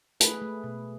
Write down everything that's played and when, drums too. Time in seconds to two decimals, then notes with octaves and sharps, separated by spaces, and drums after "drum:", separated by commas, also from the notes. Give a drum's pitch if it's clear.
0.20 A3 G#4 B4, drum: hi-hat
0.42 A3
0.64 B2